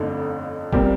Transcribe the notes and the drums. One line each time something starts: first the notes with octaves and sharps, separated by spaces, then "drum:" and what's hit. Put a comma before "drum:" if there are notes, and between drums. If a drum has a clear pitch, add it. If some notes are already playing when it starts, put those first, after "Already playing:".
Already playing: G1 F2 D3 A3 D#4
A#2 G3 C4 G4 A#4, drum: kick